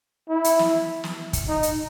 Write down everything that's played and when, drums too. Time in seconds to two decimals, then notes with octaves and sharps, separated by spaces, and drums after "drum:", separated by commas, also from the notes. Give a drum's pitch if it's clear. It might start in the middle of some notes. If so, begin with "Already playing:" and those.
0.29 E4
0.44 drum: hi-hat
0.59 drum: snare
1.04 drum: snare
1.33 drum: kick, hi-hat
1.48 D#4
1.63 drum: hi-hat